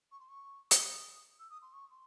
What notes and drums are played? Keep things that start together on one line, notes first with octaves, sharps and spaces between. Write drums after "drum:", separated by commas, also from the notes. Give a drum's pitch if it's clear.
C#6
C6
C#6
D#6, drum: hi-hat
E6
D#6
C6
C#6
C6